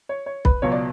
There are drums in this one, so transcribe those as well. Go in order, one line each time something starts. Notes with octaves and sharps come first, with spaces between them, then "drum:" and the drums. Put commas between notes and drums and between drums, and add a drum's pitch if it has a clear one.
C#5
C#5
B4, drum: kick B1
C#2 B2 F#3 C#5
D5